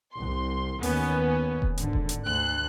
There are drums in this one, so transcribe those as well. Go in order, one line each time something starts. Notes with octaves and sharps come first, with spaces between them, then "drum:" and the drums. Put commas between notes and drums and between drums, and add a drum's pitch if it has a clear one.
C2 C6
D#2 B3 C#4, drum: open hi-hat
drum: kick E1
G#1 D3, drum: hi-hat
drum: kick E1
drum: hi-hat
D2 F#6